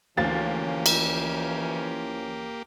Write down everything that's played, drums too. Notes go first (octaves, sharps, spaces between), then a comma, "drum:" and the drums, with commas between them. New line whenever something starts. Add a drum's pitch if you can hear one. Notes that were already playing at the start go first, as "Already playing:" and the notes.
D2 E3 F3 A#3 C#4 G4 F5 A6
drum: cymbal